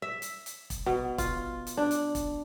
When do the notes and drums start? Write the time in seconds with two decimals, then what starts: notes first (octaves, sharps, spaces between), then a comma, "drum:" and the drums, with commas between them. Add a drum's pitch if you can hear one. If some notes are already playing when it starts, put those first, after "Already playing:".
0.02 E5
0.22 drum: hi-hat
0.46 drum: hi-hat
0.70 drum: kick E1, hi-hat
0.86 B2
1.18 F4, drum: kick E1, hi-hat
1.67 drum: hi-hat
1.77 D4
1.91 drum: hi-hat
2.15 drum: kick E1, hi-hat